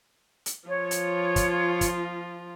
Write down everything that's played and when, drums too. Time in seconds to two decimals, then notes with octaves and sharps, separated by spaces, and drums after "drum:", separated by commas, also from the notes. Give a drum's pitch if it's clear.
0.46 drum: hi-hat
0.68 F3 F4 C#5
0.91 drum: hi-hat
1.36 drum: kick, hi-hat
1.81 drum: kick, hi-hat